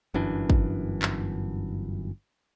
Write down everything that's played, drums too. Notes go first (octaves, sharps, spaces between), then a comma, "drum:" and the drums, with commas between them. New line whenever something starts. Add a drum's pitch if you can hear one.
G1 F#2 E3 D4
drum: kick
drum: clap